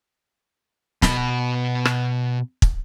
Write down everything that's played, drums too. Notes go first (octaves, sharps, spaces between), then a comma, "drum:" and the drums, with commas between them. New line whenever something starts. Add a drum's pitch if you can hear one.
B2 B5, drum: snare
drum: rim click
drum: kick